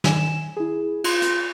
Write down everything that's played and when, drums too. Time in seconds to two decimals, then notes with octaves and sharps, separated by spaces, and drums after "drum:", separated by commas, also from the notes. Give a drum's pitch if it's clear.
0.04 D#3 G#5 E7, drum: snare
0.57 E4 G#4
1.04 F4 C6, drum: cymbal
1.22 drum: hi-hat